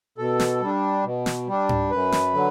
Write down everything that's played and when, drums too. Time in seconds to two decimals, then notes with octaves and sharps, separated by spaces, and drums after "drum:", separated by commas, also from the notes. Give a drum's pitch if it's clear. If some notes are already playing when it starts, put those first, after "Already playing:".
0.18 B2 A4
0.40 drum: snare
0.61 G3 D4
1.04 B2
1.26 drum: snare
1.48 G3 D4
1.69 drum: tom G#2
1.91 F#2 B4
2.12 drum: snare
2.34 D3 F#3